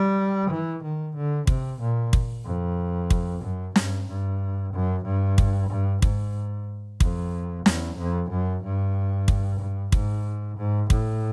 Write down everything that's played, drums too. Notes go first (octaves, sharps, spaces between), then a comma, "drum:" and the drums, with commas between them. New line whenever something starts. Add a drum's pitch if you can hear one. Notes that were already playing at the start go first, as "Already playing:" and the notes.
Already playing: G3
E3
D#3
D3
C3, drum: kick
A#2
drum: kick
F2
drum: kick
F#2
G2, drum: snare
G2
F#2
G2
drum: kick
G2
G#2, drum: kick
F2, drum: kick
E2, drum: snare
F2
F#2
G2
drum: kick
G2
G#2, drum: kick
G#2
A2, drum: kick